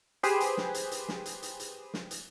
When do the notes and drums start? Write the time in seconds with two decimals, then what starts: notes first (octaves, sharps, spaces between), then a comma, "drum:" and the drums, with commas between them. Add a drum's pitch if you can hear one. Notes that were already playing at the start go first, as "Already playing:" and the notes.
0.23 G4 G#4 B4 C5, drum: hi-hat
0.40 drum: hi-hat
0.57 drum: snare
0.74 drum: hi-hat
0.91 drum: hi-hat
1.08 drum: snare
1.26 drum: hi-hat
1.43 drum: hi-hat
1.60 drum: hi-hat
1.94 drum: snare
2.11 drum: hi-hat